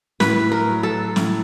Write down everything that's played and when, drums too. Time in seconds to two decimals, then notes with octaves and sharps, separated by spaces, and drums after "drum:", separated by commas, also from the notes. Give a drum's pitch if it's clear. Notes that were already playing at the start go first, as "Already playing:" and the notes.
0.20 A2 B4, drum: snare
0.52 A#4
0.68 F#3
0.83 A4
1.16 A2, drum: snare